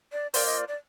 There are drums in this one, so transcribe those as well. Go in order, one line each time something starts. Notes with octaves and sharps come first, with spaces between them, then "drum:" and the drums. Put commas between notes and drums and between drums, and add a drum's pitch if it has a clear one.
D5
A#3 F4 C5 D5, drum: open hi-hat
D#5
D5
D5